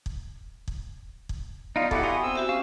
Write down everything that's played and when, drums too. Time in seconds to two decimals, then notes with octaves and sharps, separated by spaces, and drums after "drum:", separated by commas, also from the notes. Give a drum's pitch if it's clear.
0.06 drum: kick
0.68 drum: kick
1.29 drum: kick
1.76 B3 D#4 F4 D5 D#5 F5
1.91 E4 F#4 G4 A4 F#5, drum: kick
2.04 F5 G#5 C6 D#6
2.23 C4 E6
2.36 F#4 G4 E5
2.49 C#4 F5